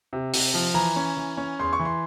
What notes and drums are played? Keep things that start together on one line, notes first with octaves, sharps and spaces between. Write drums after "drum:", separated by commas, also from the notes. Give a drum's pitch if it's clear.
C3
C3, drum: open hi-hat
F3
E3 A#5
C#4
E3
C#4
E2 C6
C#6
E3
C6